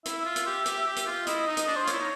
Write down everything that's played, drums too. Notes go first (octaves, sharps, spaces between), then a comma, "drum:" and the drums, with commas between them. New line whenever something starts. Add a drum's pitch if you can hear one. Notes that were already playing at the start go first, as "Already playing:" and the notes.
E4 E5, drum: hi-hat
F4
drum: hi-hat
G4
G4, drum: hi-hat
G4
drum: hi-hat
F4
E4 D#5, drum: hi-hat
D#4
D#5, drum: hi-hat
D4
C5
F4
C#5, drum: hi-hat
E4
D#4